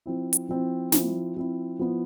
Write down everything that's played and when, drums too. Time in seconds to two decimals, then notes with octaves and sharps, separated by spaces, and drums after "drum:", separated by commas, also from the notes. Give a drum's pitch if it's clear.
0.06 F3 C4 E4
0.33 drum: hi-hat
0.49 F3 C4 E4
0.92 F3 C4 E4, drum: snare
1.37 F3 C4 E4
1.79 F3 B3 E4